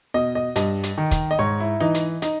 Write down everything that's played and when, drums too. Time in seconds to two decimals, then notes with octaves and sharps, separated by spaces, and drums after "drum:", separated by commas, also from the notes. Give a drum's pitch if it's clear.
0.14 B2 D#5
0.35 D#5
0.56 G2 D#5, drum: hi-hat
0.84 drum: hi-hat
0.98 D#3
1.11 drum: kick, hi-hat
1.31 D#5
1.39 G#2 C#5
1.60 E4
1.80 E3 D#4
1.95 drum: hi-hat
2.22 D#4, drum: hi-hat